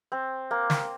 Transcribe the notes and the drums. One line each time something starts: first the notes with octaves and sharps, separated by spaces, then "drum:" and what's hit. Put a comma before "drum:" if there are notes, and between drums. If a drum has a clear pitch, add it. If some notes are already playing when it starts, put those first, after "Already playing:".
C4
A#3
drum: snare